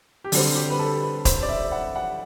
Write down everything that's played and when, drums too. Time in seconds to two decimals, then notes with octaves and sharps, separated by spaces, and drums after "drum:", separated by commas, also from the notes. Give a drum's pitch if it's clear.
0.24 G4
0.32 D3 G3 C4 F#4, drum: open hi-hat
0.56 G4
0.70 B4
0.79 A4
1.02 B4
1.25 C5, drum: kick, hi-hat
1.43 D5
1.49 E5
1.72 F#5
1.96 F#5